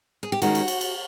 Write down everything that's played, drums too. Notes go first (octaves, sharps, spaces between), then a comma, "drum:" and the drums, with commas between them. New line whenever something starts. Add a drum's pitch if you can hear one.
G#4
G4
D#3 G#3 C#4 F#4, drum: cymbal
drum: cymbal
drum: cymbal
drum: cymbal